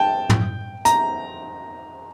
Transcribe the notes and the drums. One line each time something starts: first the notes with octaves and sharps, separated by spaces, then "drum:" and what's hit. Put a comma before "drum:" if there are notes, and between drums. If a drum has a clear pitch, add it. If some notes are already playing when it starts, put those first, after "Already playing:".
Already playing: G5 A5
drum: tom
A#5, drum: hi-hat